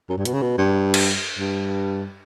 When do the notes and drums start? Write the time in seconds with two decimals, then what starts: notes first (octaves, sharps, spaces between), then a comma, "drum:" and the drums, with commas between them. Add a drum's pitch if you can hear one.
0.09 F#2
0.18 G2
0.25 B2, drum: hi-hat
0.33 C#3
0.42 B2
0.58 G2
0.94 drum: cymbal
1.38 G2